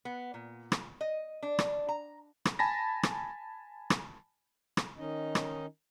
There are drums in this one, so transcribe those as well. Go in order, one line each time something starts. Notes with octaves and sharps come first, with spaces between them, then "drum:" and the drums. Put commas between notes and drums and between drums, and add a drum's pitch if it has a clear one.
B3
A#2
drum: rim click
D#5
D4
drum: rim click
A#5
drum: rim click
G#5 A5 B5 A#6
drum: rim click
drum: rim click
drum: rim click
D#3 C#4 D#4 D#5
drum: rim click